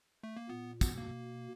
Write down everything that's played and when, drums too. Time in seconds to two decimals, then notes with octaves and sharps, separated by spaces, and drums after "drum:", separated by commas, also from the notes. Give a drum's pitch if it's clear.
0.23 A3
0.37 A#3
0.49 A#2 B3
0.81 B2 B3, drum: kick, tambourine
0.97 A#3